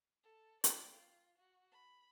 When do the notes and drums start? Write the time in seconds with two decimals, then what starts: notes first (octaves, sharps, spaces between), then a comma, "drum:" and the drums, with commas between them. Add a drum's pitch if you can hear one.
0.24 A4
0.64 D5 G5, drum: hi-hat
0.93 F4
1.38 F#4
1.71 B5